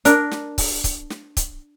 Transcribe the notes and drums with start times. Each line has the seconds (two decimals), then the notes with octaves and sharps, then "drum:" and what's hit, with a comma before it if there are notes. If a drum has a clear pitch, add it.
0.05 D4 A#4, drum: hi-hat
0.31 drum: snare
0.58 drum: kick C#1, open hi-hat
0.84 drum: kick C#1, hi-hat
1.10 drum: snare
1.37 drum: kick C#1, hi-hat